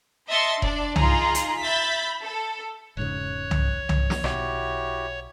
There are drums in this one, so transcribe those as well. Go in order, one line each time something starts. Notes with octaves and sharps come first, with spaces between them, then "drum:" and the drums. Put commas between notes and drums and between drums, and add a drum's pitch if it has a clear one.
D#5 E5 A5 C6 A6 C#7
D4 D5, drum: kick F1
D#4 F4 G#4 A#5, drum: tom C2
drum: hi-hat
E5 B5 G6 A6 B6
A4
E1 G#2 C#3 C#5 F#6
drum: tom C2
drum: tom C2
drum: snare
B1 E4 F#4 G4, drum: rim click